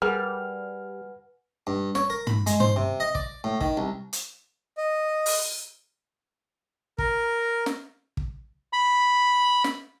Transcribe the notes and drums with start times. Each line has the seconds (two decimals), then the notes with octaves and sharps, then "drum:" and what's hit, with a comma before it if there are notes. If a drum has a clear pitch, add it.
0.02 G3 G#4 A#4 B4 F#5 G#5 F6
1.67 G2
1.95 C#5, drum: snare
2.10 A#4
2.27 B5, drum: tom
2.47 G#3, drum: hi-hat
2.60 C5, drum: tom
2.76 C3
3.00 D#5
3.15 D5, drum: kick
3.44 A2
3.61 D#3, drum: kick
3.77 C2
4.13 drum: hi-hat
4.78 D#5
5.26 drum: open hi-hat
6.98 A#4, drum: kick
7.66 drum: snare
8.17 drum: kick
8.73 B5
9.64 drum: snare